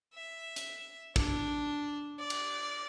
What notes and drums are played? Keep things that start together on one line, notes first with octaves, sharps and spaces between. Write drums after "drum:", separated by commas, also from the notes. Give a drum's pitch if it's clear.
E5
drum: hi-hat
D4, drum: kick
D5
drum: cymbal